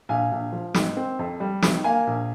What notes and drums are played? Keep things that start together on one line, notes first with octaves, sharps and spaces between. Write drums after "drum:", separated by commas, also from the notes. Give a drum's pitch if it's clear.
A#1 F5 G#5
A#1
F3
G#2, drum: snare
C4
F2
G3
D#3, drum: snare
A#3 F5 G#5
A#1